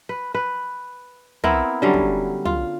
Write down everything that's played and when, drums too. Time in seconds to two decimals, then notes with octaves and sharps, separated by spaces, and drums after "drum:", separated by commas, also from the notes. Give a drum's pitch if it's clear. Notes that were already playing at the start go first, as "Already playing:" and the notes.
0.09 B4
0.34 B4
1.44 B3 C4 E4 A#4, drum: tom
1.82 D3 F#3 G3 C#4
1.94 drum: kick
2.45 F4, drum: tom